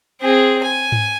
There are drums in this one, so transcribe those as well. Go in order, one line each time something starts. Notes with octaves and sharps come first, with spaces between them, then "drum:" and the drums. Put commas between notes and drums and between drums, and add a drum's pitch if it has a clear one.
C4 G#4
G#5
drum: tom G#2